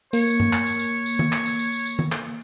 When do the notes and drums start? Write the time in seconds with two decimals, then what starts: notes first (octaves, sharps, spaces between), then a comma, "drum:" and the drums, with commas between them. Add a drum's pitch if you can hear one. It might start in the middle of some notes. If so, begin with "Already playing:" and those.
0.13 A#3 C#5, drum: tambourine
0.26 drum: tambourine
0.40 drum: tom G2
0.53 drum: clap
0.66 drum: tambourine
0.79 drum: tambourine
1.06 drum: tambourine
1.19 drum: tom
1.33 drum: clap
1.46 drum: tambourine
1.59 drum: tambourine
1.72 drum: tambourine
1.86 drum: tambourine
1.99 drum: tom
2.12 drum: clap